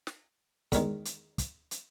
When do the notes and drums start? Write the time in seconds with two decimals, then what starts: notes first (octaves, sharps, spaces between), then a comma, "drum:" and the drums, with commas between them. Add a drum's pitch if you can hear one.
0.07 drum: snare
0.72 E2 D#3 G#3, drum: kick, hi-hat
1.05 drum: hi-hat
1.38 drum: kick, hi-hat
1.71 drum: hi-hat